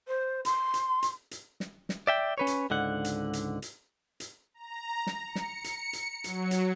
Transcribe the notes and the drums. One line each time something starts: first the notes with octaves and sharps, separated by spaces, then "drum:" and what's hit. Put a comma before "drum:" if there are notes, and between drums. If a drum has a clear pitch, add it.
C5
C6, drum: hi-hat
drum: hi-hat
drum: hi-hat
drum: hi-hat
drum: snare
drum: snare
D5 E5 G5
C#4 B4 C#5
drum: hi-hat
C#2 G#2 D3 F#5
drum: hi-hat
drum: hi-hat
drum: hi-hat
drum: hi-hat
A#5
drum: snare
C#7
drum: snare
drum: hi-hat
drum: hi-hat
F#3, drum: hi-hat
drum: hi-hat